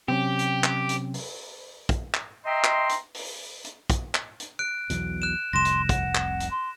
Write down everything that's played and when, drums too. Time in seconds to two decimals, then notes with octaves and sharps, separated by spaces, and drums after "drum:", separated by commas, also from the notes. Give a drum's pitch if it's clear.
0.08 C3 F#3 C4 C#4 G4
0.39 drum: hi-hat
0.64 drum: clap
0.89 drum: hi-hat
1.14 drum: open hi-hat
1.89 drum: kick, hi-hat
2.14 drum: clap
2.45 D#5 E5 G5 A#5 C6
2.64 drum: clap
2.89 drum: hi-hat
3.14 drum: open hi-hat
3.65 drum: hi-hat
3.90 drum: kick, hi-hat
4.15 drum: clap
4.40 drum: hi-hat
4.59 F#6 D7
4.90 B1 E2 B2, drum: hi-hat
5.22 F#6 E7
5.53 F1 C2 C6 A#6 E7
5.65 drum: hi-hat
5.89 F#5, drum: kick, hi-hat
6.15 drum: clap
6.40 drum: hi-hat
6.51 C6